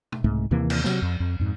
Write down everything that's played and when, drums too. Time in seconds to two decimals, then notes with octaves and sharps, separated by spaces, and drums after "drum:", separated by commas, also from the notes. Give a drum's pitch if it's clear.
0.12 drum: tom
0.24 C2 G#2 A3
0.51 D#2 C3 E3 A#3
0.70 drum: cymbal
0.84 C3 F#3, drum: snare
1.02 F2
1.20 F2
1.39 F2 G#2